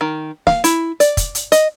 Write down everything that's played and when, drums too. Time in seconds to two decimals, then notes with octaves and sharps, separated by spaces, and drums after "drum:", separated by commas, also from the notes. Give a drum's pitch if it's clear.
0.01 D#3
0.47 F5, drum: snare
0.64 E4, drum: hi-hat
1.00 D5, drum: hi-hat
1.17 drum: kick, hi-hat
1.35 drum: hi-hat
1.52 D#5, drum: hi-hat